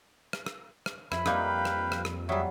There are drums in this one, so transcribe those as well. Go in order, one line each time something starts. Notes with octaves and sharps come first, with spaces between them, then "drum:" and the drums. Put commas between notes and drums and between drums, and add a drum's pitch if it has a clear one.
drum: rim click
drum: rim click
drum: rim click
F2 E4 B5, drum: rim click
G3 A#3 D#4 B4 F5 G5, drum: rim click
drum: rim click
drum: rim click
drum: rim click
F#3 G3 F#4 G#4 E5